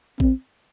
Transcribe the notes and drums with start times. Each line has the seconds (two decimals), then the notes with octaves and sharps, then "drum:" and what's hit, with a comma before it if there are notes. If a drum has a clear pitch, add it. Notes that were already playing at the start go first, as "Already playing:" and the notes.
0.20 C4, drum: kick A1